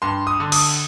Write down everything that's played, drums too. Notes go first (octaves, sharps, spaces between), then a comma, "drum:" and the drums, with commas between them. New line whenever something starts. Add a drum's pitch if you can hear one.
G2 C6
D#6
D3
D#6, drum: cymbal